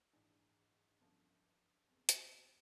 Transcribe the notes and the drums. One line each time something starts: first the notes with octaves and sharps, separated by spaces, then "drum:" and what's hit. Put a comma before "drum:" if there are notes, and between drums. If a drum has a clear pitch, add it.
A#1 G#2 E3 D4
G1 F#2 D3 F3
F#1 E2 C3
drum: hi-hat